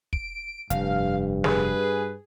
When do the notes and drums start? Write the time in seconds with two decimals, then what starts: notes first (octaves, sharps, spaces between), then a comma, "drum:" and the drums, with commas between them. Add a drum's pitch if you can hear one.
0.13 D7, drum: kick
0.70 F1 G2 F5, drum: hi-hat
1.44 G#4 B4, drum: snare